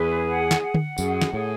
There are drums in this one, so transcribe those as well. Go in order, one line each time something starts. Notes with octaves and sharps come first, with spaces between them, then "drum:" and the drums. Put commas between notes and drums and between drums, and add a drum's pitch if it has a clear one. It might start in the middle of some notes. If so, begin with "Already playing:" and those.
Already playing: E2 G#4 B4
F#5
drum: snare
F#5
drum: tom D3
F#2 G#4, drum: tambourine
drum: snare
A2 G#4